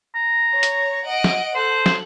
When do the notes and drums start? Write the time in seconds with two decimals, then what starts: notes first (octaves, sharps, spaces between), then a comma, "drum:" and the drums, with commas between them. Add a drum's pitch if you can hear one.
0.15 A#5
0.53 C#5
0.63 drum: hi-hat
1.05 D#5 F#5 D7
1.24 drum: snare
1.55 A4 C5 F#6
1.86 drum: snare